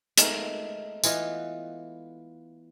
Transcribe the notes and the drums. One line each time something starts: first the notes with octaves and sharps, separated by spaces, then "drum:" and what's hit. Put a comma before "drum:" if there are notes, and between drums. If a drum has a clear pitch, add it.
G#3 A3 D#4 A#4, drum: hi-hat
E3 B3 F4 D#5, drum: tambourine